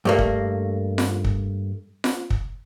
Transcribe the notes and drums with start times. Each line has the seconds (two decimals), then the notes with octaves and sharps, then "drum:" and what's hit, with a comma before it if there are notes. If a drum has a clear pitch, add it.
0.05 G2 A3 A#3
0.19 drum: kick
0.98 drum: snare F4
1.24 drum: kick
2.04 drum: snare F4
2.30 drum: kick